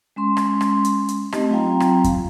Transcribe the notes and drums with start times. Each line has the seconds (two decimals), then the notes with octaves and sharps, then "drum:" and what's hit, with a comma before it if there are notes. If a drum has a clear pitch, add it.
0.16 G#3 C#4 C6
0.37 drum: rim click
0.61 drum: rim click
0.85 drum: hi-hat
1.09 drum: hi-hat
1.32 A3 C4 D#4 G4 D#5, drum: rim click
1.51 F#3 C4 F4 F5 G5 A#5
1.80 drum: rim click
2.04 drum: kick F2, hi-hat